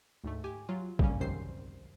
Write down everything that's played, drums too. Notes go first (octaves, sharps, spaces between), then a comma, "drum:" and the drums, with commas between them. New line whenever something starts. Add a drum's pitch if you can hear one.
D2 G#2 A3
G4 G#5
F#3 F4
C#3 G3 A#3 C#4, drum: kick
C#2 F#2 C3 D#3 C5 C7